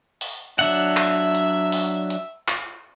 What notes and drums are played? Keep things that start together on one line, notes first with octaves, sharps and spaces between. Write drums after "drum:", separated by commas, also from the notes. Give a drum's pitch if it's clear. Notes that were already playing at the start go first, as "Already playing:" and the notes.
drum: open hi-hat
F#3 D4 E5 F#5
drum: clap
drum: hi-hat
drum: open hi-hat
drum: hi-hat
drum: clap